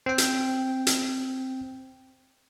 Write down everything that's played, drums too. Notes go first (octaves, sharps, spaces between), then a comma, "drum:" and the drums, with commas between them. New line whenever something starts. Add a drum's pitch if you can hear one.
C4 G5
drum: hi-hat
drum: hi-hat